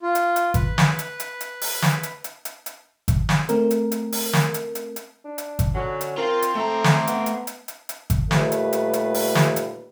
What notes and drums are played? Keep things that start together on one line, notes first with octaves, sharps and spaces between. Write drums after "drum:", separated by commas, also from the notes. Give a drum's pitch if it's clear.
F4
drum: hi-hat
drum: hi-hat
B4, drum: kick G#1, hi-hat
drum: snare
drum: hi-hat
drum: hi-hat
drum: hi-hat
drum: open hi-hat
drum: snare
drum: hi-hat
drum: hi-hat
drum: hi-hat
drum: hi-hat
drum: kick G#1, hi-hat
drum: snare
A3 C4 A#4, drum: hi-hat
drum: hi-hat
drum: hi-hat
drum: open hi-hat
drum: snare
drum: hi-hat
drum: hi-hat
drum: hi-hat
D4
drum: hi-hat
drum: kick G#1, hi-hat
D3 F#3 C#4
drum: hi-hat
C4 F4 A#4 F5
drum: hi-hat
A3 A4 A#5
drum: snare
B3, drum: hi-hat
drum: hi-hat
drum: hi-hat
drum: hi-hat
drum: hi-hat
drum: kick G#1, hi-hat
D#2 A#2 G3 A3 B4, drum: snare
drum: hi-hat
drum: hi-hat
drum: hi-hat
drum: open hi-hat
drum: snare
drum: hi-hat